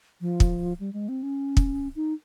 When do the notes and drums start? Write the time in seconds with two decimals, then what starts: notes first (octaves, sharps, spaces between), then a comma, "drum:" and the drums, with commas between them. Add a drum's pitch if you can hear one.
0.21 F3
0.40 drum: kick
0.80 G3
0.93 G#3
1.08 C4
1.23 C#4
1.57 drum: kick
1.96 D#4